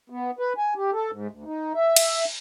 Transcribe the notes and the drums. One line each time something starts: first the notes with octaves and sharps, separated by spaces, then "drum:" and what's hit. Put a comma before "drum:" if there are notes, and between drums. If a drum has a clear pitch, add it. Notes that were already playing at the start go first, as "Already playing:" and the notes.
B3
B4
G#5
G4
A4
G#2
D2
D#4
E5
drum: cymbal